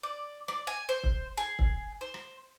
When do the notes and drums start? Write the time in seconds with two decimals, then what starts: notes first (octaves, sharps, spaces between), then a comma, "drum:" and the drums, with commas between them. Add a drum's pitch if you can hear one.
0.03 D5
0.48 D5, drum: rim click
0.67 G#5
0.89 C5
1.04 drum: kick
1.38 G#4
1.59 drum: kick
2.01 C5
2.14 drum: rim click